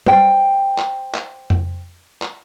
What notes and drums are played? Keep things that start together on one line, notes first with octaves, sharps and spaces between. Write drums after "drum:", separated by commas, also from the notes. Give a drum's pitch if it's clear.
C5 G5, drum: tom G3
drum: clap
drum: clap
drum: tom F2
drum: clap